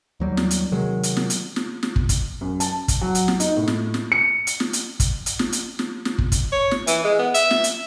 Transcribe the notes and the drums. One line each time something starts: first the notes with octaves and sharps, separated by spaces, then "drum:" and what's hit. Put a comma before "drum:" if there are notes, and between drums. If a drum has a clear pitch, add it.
D#2 F#3 G3
drum: snare
drum: hi-hat
C3 D#3 F#3 G#3
drum: hi-hat
drum: snare
drum: hi-hat
drum: snare
drum: snare
drum: kick
drum: kick, hi-hat
F#2
A5, drum: hi-hat
drum: kick, hi-hat
F#3
drum: hi-hat
drum: snare
D#4, drum: hi-hat
A2
drum: snare
drum: snare
C#7
drum: hi-hat
drum: snare
drum: hi-hat
drum: kick, hi-hat
drum: hi-hat
drum: snare
drum: hi-hat
drum: snare
drum: snare
drum: kick
drum: kick, hi-hat
C#5
drum: snare
E3, drum: hi-hat
G#3
B3
E5, drum: hi-hat
drum: snare
drum: hi-hat